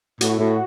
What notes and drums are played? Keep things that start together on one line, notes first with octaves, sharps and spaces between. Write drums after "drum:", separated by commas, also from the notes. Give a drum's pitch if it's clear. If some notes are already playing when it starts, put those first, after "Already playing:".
A2 F#4, drum: hi-hat
E4
A2 F#4